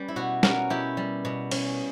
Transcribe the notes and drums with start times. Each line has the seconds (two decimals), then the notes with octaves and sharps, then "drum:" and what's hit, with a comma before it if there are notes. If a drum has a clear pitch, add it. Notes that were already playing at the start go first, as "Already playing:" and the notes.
Already playing: G3 C#4 B4
0.08 E4
0.16 B2 F#4
0.43 C#4 F#4 A#4, drum: snare
0.70 B2 E4 G4
0.97 G3
1.25 B2
1.51 C#4, drum: cymbal